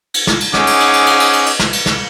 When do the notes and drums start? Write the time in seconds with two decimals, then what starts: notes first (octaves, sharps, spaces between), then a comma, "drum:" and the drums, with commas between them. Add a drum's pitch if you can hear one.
0.14 drum: cymbal
0.27 drum: snare
0.40 drum: cymbal
0.54 C#4 D#4 G#4 F#5 D6, drum: snare
0.67 drum: cymbal
0.80 drum: cymbal
0.93 drum: cymbal
1.07 drum: cymbal
1.20 drum: cymbal
1.33 drum: cymbal
1.46 drum: cymbal
1.59 drum: snare
1.73 drum: cymbal
1.86 drum: snare